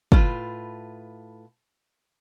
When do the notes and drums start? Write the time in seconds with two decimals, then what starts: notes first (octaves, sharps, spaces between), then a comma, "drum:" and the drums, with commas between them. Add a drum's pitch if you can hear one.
0.12 A2 F4 B4, drum: kick